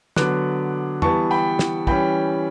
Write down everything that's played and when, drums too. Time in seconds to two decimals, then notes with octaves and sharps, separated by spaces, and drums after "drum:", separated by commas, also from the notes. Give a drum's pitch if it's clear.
0.16 D3 F#3 B3 D6 F#6, drum: snare
1.02 E3 G3 B3 A5 C#6, drum: tom
1.31 G5 B5
1.59 drum: snare
1.87 E3 G3 C#4 G5 B5, drum: kick